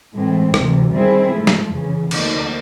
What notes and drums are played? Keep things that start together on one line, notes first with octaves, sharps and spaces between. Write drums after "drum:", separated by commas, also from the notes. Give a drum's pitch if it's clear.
A2 E3 G#3 C4
D2 C3 E3, drum: rim click
D#3 G3 C4 E4 G#4
G#2 F3 A3
drum: snare
F2 C#3 E3
D2 D3 F3 A#3 D#4, drum: cymbal